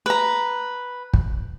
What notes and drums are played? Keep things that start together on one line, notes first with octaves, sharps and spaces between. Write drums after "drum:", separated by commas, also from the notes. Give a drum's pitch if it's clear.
B4 A#5
drum: kick